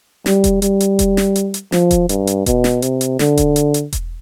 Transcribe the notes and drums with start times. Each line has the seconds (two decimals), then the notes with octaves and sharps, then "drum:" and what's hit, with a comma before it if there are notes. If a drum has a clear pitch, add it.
0.26 G3, drum: snare
0.44 drum: kick E1, hi-hat
0.62 G3, drum: hi-hat
0.80 drum: hi-hat
0.99 drum: kick E1, hi-hat
1.17 drum: snare
1.36 drum: hi-hat
1.54 drum: hi-hat
1.72 F3, drum: snare
1.91 drum: kick E1, hi-hat
2.09 G2, drum: hi-hat
2.27 drum: hi-hat
2.46 B2, drum: kick E1, hi-hat
2.64 drum: snare
2.82 C3, drum: hi-hat
3.01 drum: hi-hat
3.19 D3, drum: snare
3.37 drum: kick E1, hi-hat
3.56 drum: hi-hat
3.74 drum: hi-hat
3.93 drum: kick E1, hi-hat